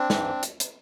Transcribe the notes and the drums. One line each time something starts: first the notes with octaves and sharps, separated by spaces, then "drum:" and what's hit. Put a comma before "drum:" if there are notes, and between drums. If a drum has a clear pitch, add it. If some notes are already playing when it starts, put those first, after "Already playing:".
Already playing: C4 D4
G#2 E3, drum: snare
drum: hi-hat
drum: hi-hat